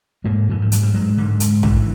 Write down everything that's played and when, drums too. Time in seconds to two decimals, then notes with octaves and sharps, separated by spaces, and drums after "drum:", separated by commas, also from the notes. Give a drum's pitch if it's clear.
0.24 G#2 G#3 A#3
0.49 G#2 E3
0.61 F3
0.72 G#2 F#3, drum: hi-hat
0.83 G3
0.94 G#2 F#3 G#3
1.17 G#2 D3
1.40 G#2, drum: hi-hat
1.63 G#2 D3 E3, drum: kick